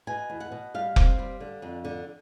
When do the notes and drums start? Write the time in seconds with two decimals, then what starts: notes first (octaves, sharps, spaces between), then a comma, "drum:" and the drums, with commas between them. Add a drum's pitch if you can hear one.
0.07 B2 G#5
0.30 E2
0.40 F#5
0.52 B2
0.74 G3 F5
0.96 C4, drum: kick F1
1.19 G3
1.40 D3
1.62 F2
1.85 D3